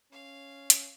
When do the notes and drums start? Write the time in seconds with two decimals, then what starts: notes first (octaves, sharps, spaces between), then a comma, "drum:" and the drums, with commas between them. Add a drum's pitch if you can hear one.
0.13 C#4 F5
0.70 drum: hi-hat